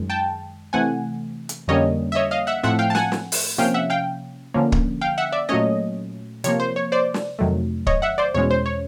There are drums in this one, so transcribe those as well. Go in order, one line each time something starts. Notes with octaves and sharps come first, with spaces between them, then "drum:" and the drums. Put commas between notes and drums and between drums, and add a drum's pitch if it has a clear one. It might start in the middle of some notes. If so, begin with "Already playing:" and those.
Already playing: F#2 D#3 G#3
G5 A5
C3 E3 A3 C4 F#5 G#5
drum: hi-hat
F2 D3 G3 A#3 C#4 C#5 D#5
E5
C#5 D#5
D#5 F5
E5 F#5
A2 F3 A3 C4 E5 F#5
F5 G5
A5
F#5 G#5, drum: snare
drum: snare
drum: open hi-hat
C3 F3 A#3 C#4 F5 G5
E5 F#5
F5 G5
D3 F3 A#3 C#4
drum: kick
F5 G5
E5 F#5
D5 E5
A#2 F#3 A3 C#4 C#5 D#5
C3 F3 A#3 C#5, drum: hi-hat
C5
C#5
C5 D5
drum: snare
F2 C3 D#3 F#3 A3
C#5 D#5, drum: kick
E5 F#5
C5 D5
E2 B2 G#3 C#4 C#5
C5
C#5